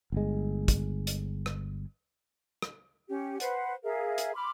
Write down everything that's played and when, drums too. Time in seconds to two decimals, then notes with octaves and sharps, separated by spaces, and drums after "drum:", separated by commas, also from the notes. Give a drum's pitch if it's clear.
0.12 G1 G#3
0.68 drum: kick, hi-hat
1.07 drum: hi-hat
1.46 drum: rim click
2.62 drum: rim click
3.08 C#4 G4
3.40 B4 C5 F#5, drum: hi-hat
3.84 G#4 A#4 E5 F5
4.18 drum: hi-hat
4.34 B5 C6 D6 F6